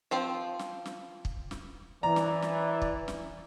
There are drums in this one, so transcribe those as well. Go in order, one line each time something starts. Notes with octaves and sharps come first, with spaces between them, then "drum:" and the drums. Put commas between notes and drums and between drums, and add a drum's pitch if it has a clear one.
F3 C4 C5
drum: snare
drum: snare
drum: kick
drum: snare
E3 D5 A#5
drum: snare
drum: snare
drum: kick
drum: snare